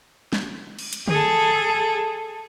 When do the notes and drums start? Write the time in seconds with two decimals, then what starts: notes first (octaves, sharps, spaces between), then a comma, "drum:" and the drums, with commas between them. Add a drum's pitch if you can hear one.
0.33 drum: snare
0.79 drum: cymbal
0.93 drum: hi-hat
1.08 G#4 A4, drum: tom D3